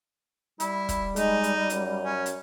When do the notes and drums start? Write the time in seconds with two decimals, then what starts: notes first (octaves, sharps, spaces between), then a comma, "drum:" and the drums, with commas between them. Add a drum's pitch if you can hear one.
0.60 G3 E4, drum: hi-hat
0.89 drum: kick, hi-hat
1.16 G#3 D#4, drum: hi-hat
1.43 drum: hi-hat
1.70 F#2, drum: hi-hat
2.03 C#4
2.26 drum: hi-hat